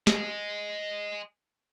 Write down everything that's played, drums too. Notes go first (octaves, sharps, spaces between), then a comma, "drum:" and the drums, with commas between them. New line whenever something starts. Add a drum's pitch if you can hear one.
D#5 G#5, drum: snare